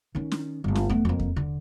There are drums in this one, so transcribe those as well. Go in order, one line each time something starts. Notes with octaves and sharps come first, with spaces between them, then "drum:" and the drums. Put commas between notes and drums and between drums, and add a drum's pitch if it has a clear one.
D#3 C#4
drum: snare
G1 A#3
drum: snare
A3 B3, drum: kick E2
F2 A#3
drum: kick E2
D3